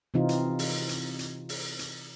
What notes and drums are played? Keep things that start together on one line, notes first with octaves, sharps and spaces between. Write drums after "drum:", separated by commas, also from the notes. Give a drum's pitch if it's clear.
C3 E3 C4 D#4 F4
drum: hi-hat
drum: open hi-hat
drum: hi-hat
drum: hi-hat
drum: open hi-hat
drum: hi-hat